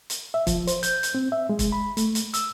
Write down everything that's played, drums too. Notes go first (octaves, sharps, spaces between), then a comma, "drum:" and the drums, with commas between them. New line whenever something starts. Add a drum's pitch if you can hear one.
drum: hi-hat
E5
F3, drum: kick, hi-hat
C5, drum: hi-hat
G6, drum: hi-hat
drum: hi-hat
C4
E5
G#3
drum: kick, hi-hat
B5
A3, drum: hi-hat
drum: hi-hat
E6, drum: hi-hat